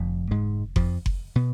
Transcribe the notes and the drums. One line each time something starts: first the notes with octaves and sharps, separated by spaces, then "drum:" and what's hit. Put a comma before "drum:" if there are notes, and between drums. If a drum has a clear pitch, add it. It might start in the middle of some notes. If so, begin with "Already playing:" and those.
Already playing: F1 F2 D3
G#2 G#3
F2 F3, drum: kick F#1
drum: kick F#1
B2 B3